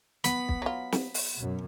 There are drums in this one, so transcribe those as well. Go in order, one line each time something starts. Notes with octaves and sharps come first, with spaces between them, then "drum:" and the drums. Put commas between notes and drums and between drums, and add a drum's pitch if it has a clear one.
B3 B5, drum: hi-hat
drum: kick
F#3 F4
drum: snare
drum: open hi-hat
F#2 B2